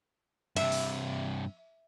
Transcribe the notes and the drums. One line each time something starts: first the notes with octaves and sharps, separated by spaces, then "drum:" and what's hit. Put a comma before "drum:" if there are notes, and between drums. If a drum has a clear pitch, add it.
G2 C3 E5, drum: cymbal
drum: open hi-hat